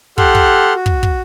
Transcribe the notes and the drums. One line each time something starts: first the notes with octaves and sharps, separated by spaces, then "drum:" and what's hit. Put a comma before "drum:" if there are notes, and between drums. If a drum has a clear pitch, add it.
G4 A4 F#5 C6 F6 F#6, drum: kick
drum: kick
F#4
drum: kick
drum: kick